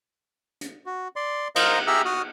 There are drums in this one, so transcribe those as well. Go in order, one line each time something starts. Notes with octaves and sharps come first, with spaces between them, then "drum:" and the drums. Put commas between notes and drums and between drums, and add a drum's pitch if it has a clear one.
drum: hi-hat
F#4
D5 C6
A#4 C5 D#5 F5 A#5, drum: cymbal
G4 G#4 E5 A#5 E6 F6
F#4 D#6 F6